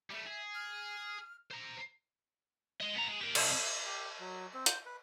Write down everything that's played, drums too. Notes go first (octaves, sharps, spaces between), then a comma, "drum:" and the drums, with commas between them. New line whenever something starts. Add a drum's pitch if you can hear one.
G3 A3 E5
G#4
F6
C5 A#5
G#3 D#5
B3 A#5
G#3
G4 A#4
C2, drum: cymbal
G4
F#3
C4
C5, drum: hi-hat
B4